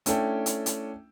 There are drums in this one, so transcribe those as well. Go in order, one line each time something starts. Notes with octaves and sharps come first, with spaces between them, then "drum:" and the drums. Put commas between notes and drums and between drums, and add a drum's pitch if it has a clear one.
A3 C#4 D4 E4 A4 G5, drum: hi-hat
drum: hi-hat
drum: hi-hat